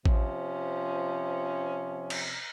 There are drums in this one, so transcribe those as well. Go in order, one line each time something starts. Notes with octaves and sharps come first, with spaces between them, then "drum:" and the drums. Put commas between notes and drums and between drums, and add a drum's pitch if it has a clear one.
C3 F3 C#4, drum: kick A1
drum: cymbal